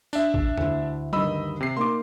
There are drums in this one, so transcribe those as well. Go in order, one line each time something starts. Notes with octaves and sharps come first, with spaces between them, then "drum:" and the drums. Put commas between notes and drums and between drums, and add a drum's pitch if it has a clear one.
D4 E5, drum: tambourine
drum: kick A1
D2 E4, drum: tom
D2 G2 D#3 D#5 B5 E6, drum: tom F#3
C3 C7
A#3 D#4 C6 D6